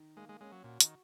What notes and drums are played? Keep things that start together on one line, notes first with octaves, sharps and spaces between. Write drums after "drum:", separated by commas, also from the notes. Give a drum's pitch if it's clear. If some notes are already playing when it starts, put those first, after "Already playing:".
Already playing: D#3
G#3 A#3
G#3
G#3 C#4
F#3
A#2 F#4
D#3, drum: hi-hat